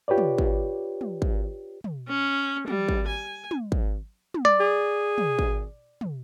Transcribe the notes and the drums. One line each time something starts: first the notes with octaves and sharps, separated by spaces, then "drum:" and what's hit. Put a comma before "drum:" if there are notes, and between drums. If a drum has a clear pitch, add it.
F4 G4 B4 C#5 D5
drum: tom
drum: kick G#1
drum: tom
drum: kick G#1
drum: tom
C#4
G3, drum: tom
drum: kick G#1
G#5
drum: tom
drum: kick G#1
drum: tom
D5
G#4
drum: tom
drum: kick G#1
drum: tom